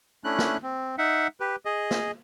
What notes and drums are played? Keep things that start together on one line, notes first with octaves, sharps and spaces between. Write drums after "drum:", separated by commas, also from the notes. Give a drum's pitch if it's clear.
A3 C#4 D4 E4 F#6
drum: snare
C4
D#4 E5 F#5
G4 B4
G#4 D#5
drum: snare